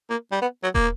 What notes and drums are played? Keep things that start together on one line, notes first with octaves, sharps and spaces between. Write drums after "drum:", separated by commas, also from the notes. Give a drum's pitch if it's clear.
A#3
G3
B3
F#3
A#3, drum: kick